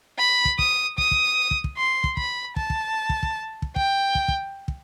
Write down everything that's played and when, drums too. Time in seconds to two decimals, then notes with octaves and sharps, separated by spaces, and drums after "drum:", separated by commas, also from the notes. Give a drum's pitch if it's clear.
0.18 B5
0.45 drum: kick
0.59 D#6, drum: kick
0.98 D#6, drum: kick
1.11 drum: kick
1.51 drum: kick
1.64 drum: kick
1.77 C6
2.04 drum: kick
2.17 B5, drum: kick
2.56 A5, drum: kick
2.70 drum: kick
3.09 drum: kick
3.23 drum: kick
3.62 drum: kick
3.76 G5, drum: kick
4.15 drum: kick
4.28 drum: kick
4.68 drum: kick